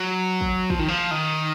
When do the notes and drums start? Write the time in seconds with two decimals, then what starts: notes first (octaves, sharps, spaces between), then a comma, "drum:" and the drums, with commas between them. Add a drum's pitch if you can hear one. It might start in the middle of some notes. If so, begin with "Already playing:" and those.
Already playing: F#3
0.41 drum: kick
0.70 F3, drum: kick
0.79 D#3
0.88 F3
1.11 D#3